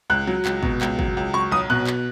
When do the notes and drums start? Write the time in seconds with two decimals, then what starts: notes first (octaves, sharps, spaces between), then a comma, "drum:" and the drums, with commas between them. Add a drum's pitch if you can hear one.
0.10 C#2 F#6
0.27 F#3
0.45 C#2, drum: clap
0.63 B2, drum: kick
0.81 C#2, drum: clap
0.99 F#3, drum: kick
1.17 C#2
1.33 F#3 C#6
1.52 B1 D#6
1.70 B2 F#6
1.87 drum: clap